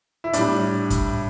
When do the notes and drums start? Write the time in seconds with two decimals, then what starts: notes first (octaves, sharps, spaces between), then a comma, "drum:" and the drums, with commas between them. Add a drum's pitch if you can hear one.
0.24 E4
0.33 A2 G3 D4, drum: hi-hat
0.90 drum: kick, hi-hat